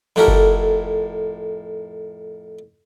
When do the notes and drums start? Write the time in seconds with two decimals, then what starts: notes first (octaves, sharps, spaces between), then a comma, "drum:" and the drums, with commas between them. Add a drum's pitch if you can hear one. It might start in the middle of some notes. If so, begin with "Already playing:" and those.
0.16 F2 A2 F#4 G4 A4 A#4
0.28 drum: kick F#1